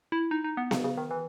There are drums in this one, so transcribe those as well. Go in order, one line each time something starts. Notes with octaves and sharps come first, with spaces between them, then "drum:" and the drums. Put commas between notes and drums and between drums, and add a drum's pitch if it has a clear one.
E4
D#4
D#4
B3
C#3, drum: snare B3
C#3
D#3
E3